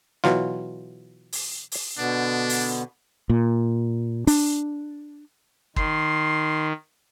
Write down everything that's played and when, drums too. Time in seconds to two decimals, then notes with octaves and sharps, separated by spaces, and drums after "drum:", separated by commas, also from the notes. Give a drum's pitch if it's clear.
0.24 B2 E3 F#3 F4, drum: snare
1.33 drum: open hi-hat
1.72 drum: open hi-hat
1.98 B2 D3 B3 D4
2.49 drum: open hi-hat
3.30 A#2
4.27 D4, drum: open hi-hat
5.76 D#3 C6, drum: kick